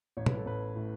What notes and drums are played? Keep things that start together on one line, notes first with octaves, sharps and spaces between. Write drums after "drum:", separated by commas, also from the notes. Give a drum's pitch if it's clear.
A1 C#5
B4, drum: tom
A4
A1 B4
A2